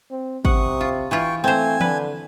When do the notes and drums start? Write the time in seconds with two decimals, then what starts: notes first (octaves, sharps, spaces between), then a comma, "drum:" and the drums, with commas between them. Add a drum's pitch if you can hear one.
0.11 C4
0.45 C3 F#5 C#6 D#6, drum: kick
0.81 F4
1.11 E3 E4 F4 G5 C#6
1.44 A3 C4 C5 G#5
1.81 D3 B4, drum: tom E3